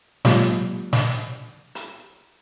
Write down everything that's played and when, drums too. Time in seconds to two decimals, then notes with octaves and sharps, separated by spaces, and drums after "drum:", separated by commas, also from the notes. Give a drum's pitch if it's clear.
0.25 F#3 G#3 A#3 F4 G4, drum: snare
0.93 drum: snare
1.75 drum: hi-hat